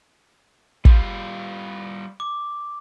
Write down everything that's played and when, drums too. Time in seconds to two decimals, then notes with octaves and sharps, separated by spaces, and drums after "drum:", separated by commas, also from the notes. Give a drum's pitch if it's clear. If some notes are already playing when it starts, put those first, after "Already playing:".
0.85 G3 F4, drum: kick
2.20 D6